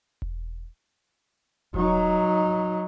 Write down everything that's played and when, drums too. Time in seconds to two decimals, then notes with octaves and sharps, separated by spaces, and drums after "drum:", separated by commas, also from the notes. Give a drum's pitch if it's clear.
0.22 drum: kick E1
1.74 F#3 D#4, drum: kick E1